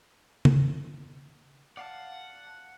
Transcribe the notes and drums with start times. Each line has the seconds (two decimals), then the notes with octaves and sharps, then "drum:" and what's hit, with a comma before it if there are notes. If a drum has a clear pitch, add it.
0.45 drum: tom
1.77 D5 F5 F#5 A5